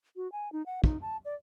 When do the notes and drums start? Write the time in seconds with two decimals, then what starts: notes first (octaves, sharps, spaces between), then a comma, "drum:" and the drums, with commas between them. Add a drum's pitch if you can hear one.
0.16 F#4
0.32 G#5
0.52 D#4
0.66 F#5
0.84 D#4, drum: kick
1.01 A5
1.25 D5